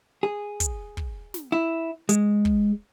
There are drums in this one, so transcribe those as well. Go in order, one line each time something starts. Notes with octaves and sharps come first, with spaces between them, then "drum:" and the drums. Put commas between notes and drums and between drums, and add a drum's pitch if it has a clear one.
G#4
drum: kick, hi-hat
drum: kick
drum: snare
E4
G#3, drum: hi-hat
drum: kick